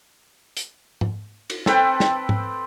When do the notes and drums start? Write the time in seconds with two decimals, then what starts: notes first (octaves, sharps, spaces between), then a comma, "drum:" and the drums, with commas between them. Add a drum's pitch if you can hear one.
0.57 drum: hi-hat
1.01 drum: tom G#2
1.50 drum: cymbal
1.66 C4 A4 B4 G5, drum: snare
2.00 drum: snare
2.29 drum: tom G#2